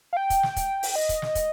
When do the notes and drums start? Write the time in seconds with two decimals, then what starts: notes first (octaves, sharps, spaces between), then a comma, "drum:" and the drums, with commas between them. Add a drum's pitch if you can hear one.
0.13 F5
0.17 G5
0.30 drum: kick, hi-hat
0.43 drum: snare
0.56 drum: kick, hi-hat
0.83 drum: open hi-hat
0.96 D#5
1.09 drum: kick, hi-hat
1.22 drum: snare
1.35 drum: kick, hi-hat